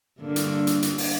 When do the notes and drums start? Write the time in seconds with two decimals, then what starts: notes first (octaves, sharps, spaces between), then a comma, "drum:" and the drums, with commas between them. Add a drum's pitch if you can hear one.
0.20 G2 D3 A#3
0.36 drum: hi-hat
0.67 drum: hi-hat
0.82 drum: hi-hat
0.98 drum: open hi-hat